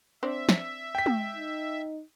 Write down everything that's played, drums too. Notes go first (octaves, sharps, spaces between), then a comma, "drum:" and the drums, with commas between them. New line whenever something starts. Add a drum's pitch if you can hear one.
C4 D4 C5 E5
drum: snare
G5 B6
drum: tom
D#4